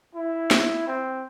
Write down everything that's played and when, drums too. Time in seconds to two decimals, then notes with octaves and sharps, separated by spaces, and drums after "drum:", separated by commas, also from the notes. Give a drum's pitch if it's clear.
0.15 E4
0.51 drum: snare
0.87 C4